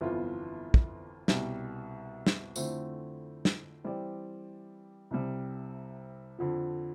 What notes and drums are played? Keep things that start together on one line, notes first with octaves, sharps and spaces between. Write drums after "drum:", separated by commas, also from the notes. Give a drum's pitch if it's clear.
G1 F2 E3 B3 F4
drum: kick
C2 B2 G3, drum: snare
drum: snare
F2 D3 A3 C4 E4, drum: tambourine
drum: snare
E3 G3 C4 G4 D5
C2 C3 G3
F2 D3 F3